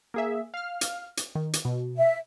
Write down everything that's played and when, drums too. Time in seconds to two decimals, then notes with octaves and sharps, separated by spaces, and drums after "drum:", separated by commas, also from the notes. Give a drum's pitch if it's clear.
0.14 A#3 G#4 E5
0.54 F5 F6
0.81 drum: hi-hat
1.17 drum: hi-hat
1.35 D#3
1.53 drum: hi-hat
1.65 B2
1.98 E5